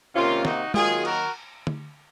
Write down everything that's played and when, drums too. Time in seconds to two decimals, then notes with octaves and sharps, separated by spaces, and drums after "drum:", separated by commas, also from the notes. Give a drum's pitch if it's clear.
0.15 C3 D#3 A#3 C#4 F4
0.45 D#4 F#4, drum: snare
0.74 D#3 F#3 A#3 F4 G#4, drum: tom G#3
1.05 F#4 A#4, drum: cymbal
1.67 drum: tom D3